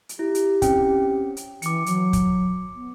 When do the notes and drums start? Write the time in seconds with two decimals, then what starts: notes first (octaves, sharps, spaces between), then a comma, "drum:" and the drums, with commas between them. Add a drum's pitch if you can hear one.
0.09 drum: hi-hat
0.19 E4 G4
0.35 drum: hi-hat
0.62 C4 C#4 G5, drum: kick, hi-hat
1.37 drum: hi-hat
1.62 E3 D6 C#7, drum: hi-hat
1.86 F#3, drum: hi-hat
2.13 drum: kick, hi-hat
2.75 B3